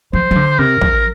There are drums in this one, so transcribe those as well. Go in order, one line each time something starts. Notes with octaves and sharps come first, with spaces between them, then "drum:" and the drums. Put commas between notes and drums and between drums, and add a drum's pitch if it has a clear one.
F3 C5
F3
D3
C3 A#4
F3, drum: kick